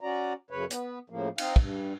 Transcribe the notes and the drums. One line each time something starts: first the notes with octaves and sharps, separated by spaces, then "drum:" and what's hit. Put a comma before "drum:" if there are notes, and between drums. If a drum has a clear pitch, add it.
C#4 F#4 D5 A#5
F#2 C#3 B4 C#5
B3, drum: hi-hat
A2 C#3 F3 A#3
C4 D#4 F5, drum: cymbal
G2, drum: kick